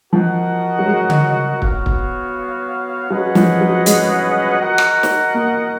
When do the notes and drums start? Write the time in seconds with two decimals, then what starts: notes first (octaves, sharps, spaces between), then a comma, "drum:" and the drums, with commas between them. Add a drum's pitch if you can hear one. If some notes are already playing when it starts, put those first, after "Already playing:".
0.13 F3 F#4 A#4 D#5 F#5
0.79 F#3
0.87 G#3
1.10 drum: tom C#3
1.62 B3 F#4 C#5 F5, drum: kick
1.86 drum: kick
3.10 F#3 C#4 G#4 B4 D#5 F#5
3.35 F3, drum: snare
3.61 F#3
3.86 G#3, drum: hi-hat
4.60 F#4 A#4 D#5 F#5
4.78 drum: rim click
5.03 drum: snare
5.34 A#3